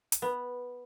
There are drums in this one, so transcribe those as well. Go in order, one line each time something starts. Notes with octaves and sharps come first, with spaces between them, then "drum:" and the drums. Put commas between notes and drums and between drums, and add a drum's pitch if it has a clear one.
drum: hi-hat
B3